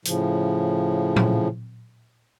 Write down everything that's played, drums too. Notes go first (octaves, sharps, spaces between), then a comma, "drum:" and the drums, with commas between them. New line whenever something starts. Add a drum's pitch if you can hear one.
A2 C#3 F3, drum: hi-hat
drum: tom A#2